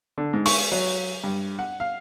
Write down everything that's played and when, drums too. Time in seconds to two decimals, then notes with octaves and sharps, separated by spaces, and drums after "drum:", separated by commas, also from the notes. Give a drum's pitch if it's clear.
0.18 D3
0.33 G#2
0.46 C#6, drum: open hi-hat
0.72 F#3
1.24 G2
1.59 F#5
1.80 F5